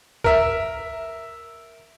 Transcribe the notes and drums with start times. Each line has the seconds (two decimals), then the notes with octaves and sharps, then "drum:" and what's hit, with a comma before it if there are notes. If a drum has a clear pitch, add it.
0.24 A#4 E5, drum: kick